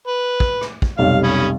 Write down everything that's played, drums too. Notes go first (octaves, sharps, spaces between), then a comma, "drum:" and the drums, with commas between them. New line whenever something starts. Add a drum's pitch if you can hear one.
B4
drum: kick
drum: rim click
drum: kick
F1 B1 G3 F5
C#4 B5 D#6